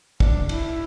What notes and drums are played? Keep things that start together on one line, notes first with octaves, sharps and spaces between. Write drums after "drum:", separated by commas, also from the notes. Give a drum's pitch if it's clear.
D4, drum: kick
E4, drum: cymbal